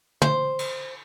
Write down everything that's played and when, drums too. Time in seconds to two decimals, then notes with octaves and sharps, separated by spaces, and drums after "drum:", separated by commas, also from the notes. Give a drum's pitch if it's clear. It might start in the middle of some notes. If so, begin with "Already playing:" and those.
0.22 C5, drum: tom
0.59 drum: cymbal